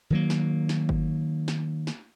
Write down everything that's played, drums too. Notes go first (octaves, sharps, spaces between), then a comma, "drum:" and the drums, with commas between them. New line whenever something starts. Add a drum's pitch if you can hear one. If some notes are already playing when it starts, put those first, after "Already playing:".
D#3 F#3 A#3
drum: snare
drum: snare
drum: kick G1
drum: snare
drum: snare